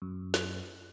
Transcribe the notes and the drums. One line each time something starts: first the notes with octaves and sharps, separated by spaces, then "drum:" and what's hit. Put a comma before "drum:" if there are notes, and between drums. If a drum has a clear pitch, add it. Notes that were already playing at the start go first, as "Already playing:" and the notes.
F#2
drum: snare